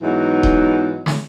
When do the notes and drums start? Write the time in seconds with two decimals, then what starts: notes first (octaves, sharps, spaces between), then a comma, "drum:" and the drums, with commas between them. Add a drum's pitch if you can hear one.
0.01 E2 G#2 E3 F#3 D#4
0.43 drum: kick D#1
1.06 drum: snare